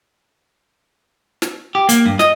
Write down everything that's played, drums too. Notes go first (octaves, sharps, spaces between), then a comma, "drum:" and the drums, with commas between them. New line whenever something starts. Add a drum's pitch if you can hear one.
drum: snare
G4
A#3, drum: hi-hat
G2
D#5, drum: snare